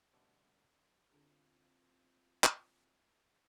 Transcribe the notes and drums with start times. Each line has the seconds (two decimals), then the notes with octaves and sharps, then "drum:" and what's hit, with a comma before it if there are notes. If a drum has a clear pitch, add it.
0.13 B2 D3 G3 A3 C#4
1.11 D3 C4 D4 F4 G#4
2.44 drum: clap